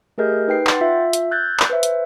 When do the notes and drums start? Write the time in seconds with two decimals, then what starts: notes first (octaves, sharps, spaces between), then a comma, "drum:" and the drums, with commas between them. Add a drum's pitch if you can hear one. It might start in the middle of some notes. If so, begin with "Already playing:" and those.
0.18 A3 G4 G#4 A#4 D#5 G6
0.48 D#4 B4 G5 C7
0.67 F#5 G5 C6 A6, drum: clap
0.81 F4 E5
1.13 drum: hi-hat
1.31 E6 F#6 G6 A6
1.60 drum: clap
1.70 B4 C5 E5
1.83 drum: hi-hat